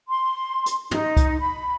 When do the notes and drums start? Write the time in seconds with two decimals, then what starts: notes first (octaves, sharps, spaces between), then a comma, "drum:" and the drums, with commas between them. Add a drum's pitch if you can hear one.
0.09 C6
0.66 drum: hi-hat
0.91 D#4, drum: tom
1.17 drum: kick C2, hi-hat
1.39 B5